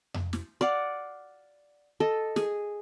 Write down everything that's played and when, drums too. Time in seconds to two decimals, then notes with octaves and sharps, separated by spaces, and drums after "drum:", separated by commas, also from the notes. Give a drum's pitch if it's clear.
0.14 drum: tom F2
0.33 drum: snare
0.61 D5 F5 F#5
2.00 A4 D#5
2.36 G#4, drum: snare